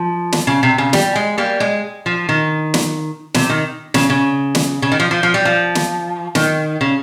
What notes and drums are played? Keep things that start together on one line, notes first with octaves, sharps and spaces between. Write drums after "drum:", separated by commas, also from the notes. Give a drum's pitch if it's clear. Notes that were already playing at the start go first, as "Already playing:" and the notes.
Already playing: F3
drum: snare
C#3
C3
C#3
G3, drum: snare
G#3
G3 A#3
G#3
F3
D#3
drum: snare
C3, drum: snare
D#3
C#3, drum: snare
C#3
drum: snare
C#3
D#3
F3
F3
F3
G3
F3
drum: snare
D#3, drum: snare
C#3